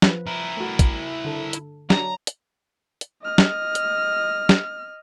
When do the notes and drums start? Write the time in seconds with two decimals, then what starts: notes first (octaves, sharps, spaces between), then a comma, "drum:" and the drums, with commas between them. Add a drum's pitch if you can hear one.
0.02 F3 B4, drum: snare
0.27 E4 A#4
0.57 A3 F#4
0.79 drum: kick, hi-hat
1.24 D3 A4
1.53 drum: hi-hat
1.90 F#3 D4 A#5, drum: snare
2.27 drum: hi-hat
3.01 drum: hi-hat
3.23 D#5 F6
3.38 drum: snare
3.75 drum: hi-hat
4.49 drum: snare